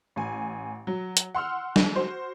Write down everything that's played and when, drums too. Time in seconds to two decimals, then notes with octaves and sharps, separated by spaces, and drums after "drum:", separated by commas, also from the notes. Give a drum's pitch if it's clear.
0.16 A1 G#5
0.87 F#3
1.17 drum: hi-hat
1.34 F#5 C6 E6 F6
1.76 drum: snare
1.95 F#4 C5